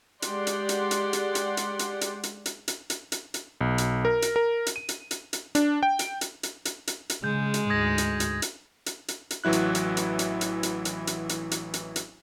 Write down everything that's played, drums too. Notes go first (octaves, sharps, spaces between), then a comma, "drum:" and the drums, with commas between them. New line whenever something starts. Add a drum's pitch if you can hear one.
G#3 G4 D5 F#5 C6, drum: hi-hat
drum: hi-hat
drum: hi-hat
drum: hi-hat
drum: hi-hat
drum: hi-hat
drum: hi-hat
drum: hi-hat
drum: hi-hat
drum: hi-hat
drum: hi-hat
drum: hi-hat
drum: hi-hat
drum: hi-hat
drum: hi-hat
B1
drum: hi-hat
A#4
drum: hi-hat
A#4
drum: hi-hat
D#7
drum: hi-hat
drum: hi-hat
drum: hi-hat
D4, drum: hi-hat
G5
drum: hi-hat
drum: hi-hat
drum: hi-hat
drum: hi-hat
drum: hi-hat
drum: hi-hat
C#3 G#3 G6
drum: hi-hat
D2 G#2 D#6 G#6 A#6
drum: hi-hat
drum: hi-hat
drum: hi-hat
drum: hi-hat
drum: hi-hat
drum: hi-hat
A1 E3 F#3 E4 F#6
drum: hi-hat
drum: hi-hat
drum: hi-hat
drum: hi-hat
drum: hi-hat
drum: hi-hat
drum: hi-hat
drum: hi-hat
drum: hi-hat
drum: hi-hat
drum: hi-hat
drum: hi-hat